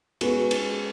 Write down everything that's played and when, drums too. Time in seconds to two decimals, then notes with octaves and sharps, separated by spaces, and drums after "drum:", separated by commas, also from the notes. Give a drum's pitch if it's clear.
0.21 G#3 B3 C#4 F#4 A4, drum: cymbal
0.51 drum: cymbal